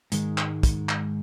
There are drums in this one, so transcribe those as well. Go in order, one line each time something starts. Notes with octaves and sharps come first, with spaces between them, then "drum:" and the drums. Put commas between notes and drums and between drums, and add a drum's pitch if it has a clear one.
G#2 D#3 G#3, drum: hi-hat
drum: clap
drum: kick, hi-hat
drum: clap